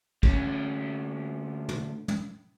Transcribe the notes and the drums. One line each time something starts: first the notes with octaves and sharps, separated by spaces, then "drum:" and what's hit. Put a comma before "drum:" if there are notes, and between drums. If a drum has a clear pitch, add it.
D2 C#4, drum: kick
drum: tom
drum: tom